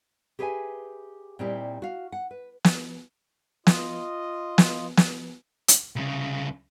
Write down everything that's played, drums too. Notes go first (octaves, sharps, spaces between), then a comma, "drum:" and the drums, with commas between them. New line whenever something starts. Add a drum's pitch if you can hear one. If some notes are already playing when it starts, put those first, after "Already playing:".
G4 G#4 B4 C5 E5 G#5
A#2 G3 C4 D#4 E4 G4
F#4 F5
F#5
B4
drum: snare
F4 D#5, drum: snare
drum: snare
drum: snare
drum: hi-hat
C2 C#3